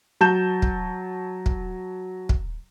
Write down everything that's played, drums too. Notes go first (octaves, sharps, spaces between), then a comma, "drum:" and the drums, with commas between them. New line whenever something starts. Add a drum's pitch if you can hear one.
F#3 A5 G6 E7
drum: kick
drum: kick
drum: kick